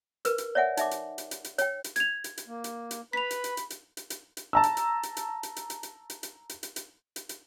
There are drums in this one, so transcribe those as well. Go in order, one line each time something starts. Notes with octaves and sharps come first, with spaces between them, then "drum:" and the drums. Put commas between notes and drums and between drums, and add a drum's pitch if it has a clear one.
A#4 B4, drum: hi-hat
drum: hi-hat
C#5 D5 E5 F#5 G#5
D#4 E5 D6, drum: hi-hat
drum: hi-hat
drum: hi-hat
drum: hi-hat
drum: hi-hat
C#5 G5, drum: hi-hat
drum: hi-hat
G#6 F7, drum: hi-hat
drum: hi-hat
drum: hi-hat
A#3
drum: hi-hat
drum: hi-hat
B4 B5 B6 F7
drum: hi-hat
drum: hi-hat
drum: hi-hat
drum: hi-hat
drum: hi-hat
drum: hi-hat
drum: hi-hat
A5 A#5 E6
drum: hi-hat
drum: hi-hat
drum: hi-hat
drum: hi-hat
drum: hi-hat
drum: hi-hat
drum: hi-hat
drum: hi-hat
drum: hi-hat
drum: hi-hat
drum: hi-hat
drum: hi-hat
drum: hi-hat
drum: hi-hat
drum: hi-hat